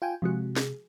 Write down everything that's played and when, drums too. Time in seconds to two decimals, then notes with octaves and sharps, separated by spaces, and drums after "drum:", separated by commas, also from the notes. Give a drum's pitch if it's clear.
0.02 F4 G5 G#5
0.22 C3 F3 G#3 F#4
0.57 G#4, drum: snare